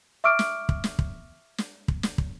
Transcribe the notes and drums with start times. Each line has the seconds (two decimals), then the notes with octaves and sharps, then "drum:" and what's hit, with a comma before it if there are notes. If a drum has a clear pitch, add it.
0.24 E5 C#6 D6 E6 F6 D7
0.39 drum: snare
0.69 drum: kick
0.84 drum: snare
0.99 drum: kick
1.58 drum: snare
1.88 drum: kick
2.03 drum: snare
2.18 drum: kick